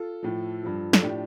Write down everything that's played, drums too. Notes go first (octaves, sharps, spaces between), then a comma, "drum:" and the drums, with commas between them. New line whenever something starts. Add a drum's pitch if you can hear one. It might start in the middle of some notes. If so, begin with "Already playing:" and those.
Already playing: F4 A4
A2 F3
G2 F3
A4, drum: snare
A2 F3 D4 G4